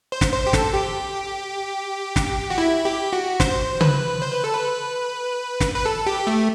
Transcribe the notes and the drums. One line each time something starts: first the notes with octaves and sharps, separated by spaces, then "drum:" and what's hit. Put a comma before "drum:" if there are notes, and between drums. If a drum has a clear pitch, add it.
C5
drum: snare
C5
G4
A4, drum: snare
G4
drum: snare
F#4
E4
G4
F#4
C5, drum: snare
B4, drum: tom C#3
C5
B4
A4
B4
drum: snare
B4
A4
G4
A3